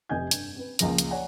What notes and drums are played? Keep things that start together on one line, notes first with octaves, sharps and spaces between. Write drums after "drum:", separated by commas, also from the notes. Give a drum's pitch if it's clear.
F1 C3 D#5 G#5 G6 G#6
G2, drum: hi-hat
C4 B4
C#2 F#2 A#2 F3 G#4 A#6, drum: hi-hat
drum: hi-hat
C#5 D5 F#5 G#5